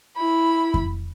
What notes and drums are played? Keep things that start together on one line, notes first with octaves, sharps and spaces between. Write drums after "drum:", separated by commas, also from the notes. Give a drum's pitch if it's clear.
E4 B5
drum: kick F2